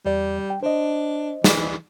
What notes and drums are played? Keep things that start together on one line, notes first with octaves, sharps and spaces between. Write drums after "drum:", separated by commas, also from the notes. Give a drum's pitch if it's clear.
E2 G3 D5
G5
D4 C5 D#5
E3, drum: snare